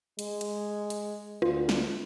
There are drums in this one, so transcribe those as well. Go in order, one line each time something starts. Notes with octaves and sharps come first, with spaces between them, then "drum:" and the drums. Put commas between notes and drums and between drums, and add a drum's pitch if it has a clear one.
G#3, drum: hi-hat
drum: cymbal
drum: hi-hat
D2 F4, drum: rim click
drum: snare